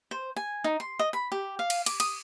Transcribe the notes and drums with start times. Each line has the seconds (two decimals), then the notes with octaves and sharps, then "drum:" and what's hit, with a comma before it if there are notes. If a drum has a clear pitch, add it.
0.11 C5
0.36 G#5
0.64 D#4
0.80 C6
0.99 D#5
1.13 B5
1.32 G4
1.59 F5
1.70 drum: cymbal
1.86 D6, drum: cymbal
2.00 D#6, drum: cymbal